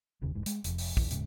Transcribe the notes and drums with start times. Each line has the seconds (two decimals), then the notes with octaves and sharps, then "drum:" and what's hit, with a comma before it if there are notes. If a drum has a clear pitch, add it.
0.22 F1 D#2 C#3
0.35 E1 G#2
0.46 G#3, drum: hi-hat
0.64 F1 F2, drum: hi-hat
0.78 drum: open hi-hat
0.97 A#1 E2 E3, drum: kick
1.11 D#1 G#2 C#3, drum: hi-hat